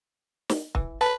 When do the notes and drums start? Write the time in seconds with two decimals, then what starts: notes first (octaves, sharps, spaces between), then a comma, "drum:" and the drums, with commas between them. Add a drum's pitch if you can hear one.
0.49 drum: snare
0.75 E3, drum: kick
1.01 B4 A5